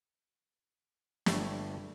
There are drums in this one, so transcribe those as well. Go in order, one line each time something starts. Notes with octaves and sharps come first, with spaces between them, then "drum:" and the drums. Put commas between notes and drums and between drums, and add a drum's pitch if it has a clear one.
G1 G3 A3 C#5, drum: snare